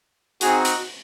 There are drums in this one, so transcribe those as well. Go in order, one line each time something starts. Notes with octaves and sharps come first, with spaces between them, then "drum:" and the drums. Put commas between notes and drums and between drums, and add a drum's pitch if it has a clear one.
C4 D#4 F#4 G#4, drum: hi-hat
drum: hi-hat